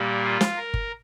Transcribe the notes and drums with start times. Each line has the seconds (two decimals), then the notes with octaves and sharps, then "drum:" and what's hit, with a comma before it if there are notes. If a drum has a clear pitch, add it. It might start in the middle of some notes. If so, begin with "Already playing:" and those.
Already playing: A#2 G3 A#3
0.24 F4
0.41 drum: snare
0.57 A#4
0.74 drum: kick G1